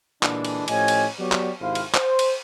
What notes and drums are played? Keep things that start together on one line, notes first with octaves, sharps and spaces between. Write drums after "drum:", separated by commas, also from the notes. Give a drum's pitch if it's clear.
A#2 D3 E3 G#3 D4, drum: clap
drum: cymbal
A2 F3 C#4 G4 D#5 G#5, drum: cymbal
drum: cymbal
F#3 B3 G4 C#5 D5
drum: clap
G#1 C3 E4 C5 F5
drum: cymbal
C5, drum: clap
drum: cymbal